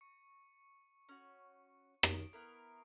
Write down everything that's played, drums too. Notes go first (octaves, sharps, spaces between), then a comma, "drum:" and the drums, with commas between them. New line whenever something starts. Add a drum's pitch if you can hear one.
C#6 C#7
C#4 F#4
D#6 D7, drum: rim click
B3 E4 A#4 C7